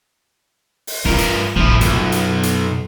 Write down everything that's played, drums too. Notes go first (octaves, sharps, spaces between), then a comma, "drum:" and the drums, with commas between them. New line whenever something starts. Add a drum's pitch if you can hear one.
drum: open hi-hat
G2 D#4 F4 A#4
drum: hi-hat
A1 F3 D4 E4
B1 F#2 F4, drum: hi-hat
drum: hi-hat
drum: hi-hat